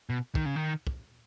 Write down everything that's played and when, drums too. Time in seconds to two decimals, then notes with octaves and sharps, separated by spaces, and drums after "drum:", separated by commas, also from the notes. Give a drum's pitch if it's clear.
0.09 B2
0.35 D#3, drum: kick
0.46 C#3
0.56 D#3
0.87 drum: kick